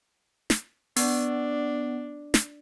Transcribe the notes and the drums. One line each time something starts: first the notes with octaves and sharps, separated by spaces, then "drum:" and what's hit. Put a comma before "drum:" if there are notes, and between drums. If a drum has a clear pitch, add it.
drum: snare
B3 D4, drum: open hi-hat
drum: snare